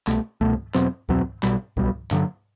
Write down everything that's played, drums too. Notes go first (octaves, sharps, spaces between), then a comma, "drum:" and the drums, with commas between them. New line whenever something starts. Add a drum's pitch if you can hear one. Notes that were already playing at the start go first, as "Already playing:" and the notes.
C2 B2 A3, drum: clap
C2 B2 A3, drum: kick C#2
E2 B2 F#3 C4, drum: clap
E2 B2 F#3 C4, drum: kick C#2
B1 B2 G3, drum: clap
B1 B2 G3, drum: kick C#2
G2 D3 F#3, drum: clap